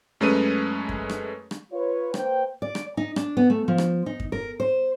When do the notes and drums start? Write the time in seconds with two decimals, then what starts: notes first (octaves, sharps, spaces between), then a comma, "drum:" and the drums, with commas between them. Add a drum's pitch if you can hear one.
0.21 F#2 G#3 A3 C#4 B4 D#7
0.89 drum: kick F#2
1.09 drum: rim click
1.51 drum: rim click
1.72 F4 B4 C#5
2.14 A#3 B4 C5 G5, drum: rim click
2.62 D5
2.75 drum: rim click
2.97 D#4
3.16 D4, drum: rim click
3.37 B3
3.50 A3
3.68 F3
3.78 drum: rim click
4.06 D#4
4.20 drum: kick F#2
4.32 A#4
4.60 C5